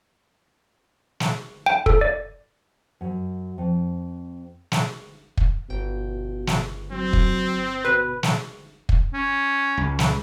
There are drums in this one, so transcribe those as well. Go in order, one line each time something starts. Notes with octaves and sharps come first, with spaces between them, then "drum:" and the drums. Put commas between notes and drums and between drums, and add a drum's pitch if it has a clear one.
drum: snare
G5
A4, drum: kick
D5
F#2
F2
drum: snare
drum: kick
G1 B2 G5
drum: snare
F#3 C4
drum: kick
B2 B4
drum: snare
drum: kick
C#4
C#2
drum: snare